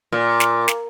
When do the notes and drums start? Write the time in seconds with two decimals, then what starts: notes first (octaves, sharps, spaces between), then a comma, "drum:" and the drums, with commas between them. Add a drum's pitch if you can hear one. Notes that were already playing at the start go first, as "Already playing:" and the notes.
0.12 A#2
0.40 drum: snare
0.68 drum: snare